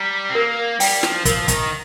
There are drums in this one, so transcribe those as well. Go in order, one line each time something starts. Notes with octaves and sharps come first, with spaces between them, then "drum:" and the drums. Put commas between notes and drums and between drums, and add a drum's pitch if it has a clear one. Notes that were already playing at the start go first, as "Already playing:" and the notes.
Already playing: G3 A#5
C4
A#3 A#4
G3 G5, drum: open hi-hat
F3, drum: snare
F3 A#4, drum: kick, hi-hat
D#3, drum: kick, hi-hat